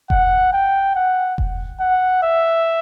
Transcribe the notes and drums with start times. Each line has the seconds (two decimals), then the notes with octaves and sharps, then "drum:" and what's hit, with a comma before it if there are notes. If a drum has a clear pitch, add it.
0.10 F#5, drum: kick F1
0.53 G5
0.96 F#5
1.38 drum: kick F1
1.80 F#5
2.23 E5